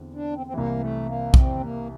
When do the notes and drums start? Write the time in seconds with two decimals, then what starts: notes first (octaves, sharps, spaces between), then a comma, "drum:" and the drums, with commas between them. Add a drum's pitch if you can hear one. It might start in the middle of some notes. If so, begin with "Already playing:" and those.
Already playing: E2 D3 C4
0.13 D4
0.34 C4
0.46 C4
0.54 C2 C3 E3 A#3
0.79 A3
1.06 A#3
1.34 C4, drum: kick B1
1.60 A#3